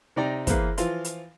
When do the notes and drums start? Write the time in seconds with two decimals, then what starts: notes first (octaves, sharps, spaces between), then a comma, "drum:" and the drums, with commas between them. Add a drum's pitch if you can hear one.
0.16 C3 D#4 D5 G5 A#5
0.47 E2 A#3 G#4 B4 C5, drum: kick, hi-hat
0.78 E3 F3 F4 F5 C6, drum: hi-hat
1.05 drum: hi-hat